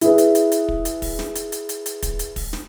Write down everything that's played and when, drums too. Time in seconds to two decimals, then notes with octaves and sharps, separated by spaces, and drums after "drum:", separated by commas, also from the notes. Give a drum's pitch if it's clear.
0.01 E4 G#4 B4, drum: hi-hat
0.18 drum: hi-hat
0.35 drum: hi-hat
0.52 drum: hi-hat
0.68 drum: kick
0.85 drum: hi-hat
1.02 drum: kick, open hi-hat
1.19 drum: snare
1.36 drum: hi-hat
1.52 drum: hi-hat
1.69 drum: hi-hat
1.86 drum: hi-hat
2.03 drum: kick, hi-hat
2.19 drum: hi-hat
2.36 drum: kick, open hi-hat
2.53 drum: snare